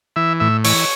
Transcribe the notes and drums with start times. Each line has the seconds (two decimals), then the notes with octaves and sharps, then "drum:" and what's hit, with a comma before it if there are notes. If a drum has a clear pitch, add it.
0.16 E3 E5
0.40 A2 E5
0.64 E3 C#5, drum: open hi-hat